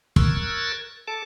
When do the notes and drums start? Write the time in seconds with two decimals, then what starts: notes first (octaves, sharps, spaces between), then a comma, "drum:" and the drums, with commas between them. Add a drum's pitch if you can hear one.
0.16 A#4 C#6 E6 F#6 G#6 A6, drum: kick
1.08 A4 A5 D6